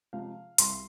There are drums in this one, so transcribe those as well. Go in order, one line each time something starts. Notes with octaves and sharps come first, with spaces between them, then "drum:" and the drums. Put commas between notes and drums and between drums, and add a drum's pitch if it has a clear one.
C3 F3 G#3 F5
C2 C6, drum: hi-hat